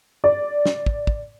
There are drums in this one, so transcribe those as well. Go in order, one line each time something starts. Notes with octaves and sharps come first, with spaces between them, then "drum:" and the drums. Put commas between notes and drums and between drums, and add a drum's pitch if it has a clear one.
D5
drum: snare
drum: kick
drum: kick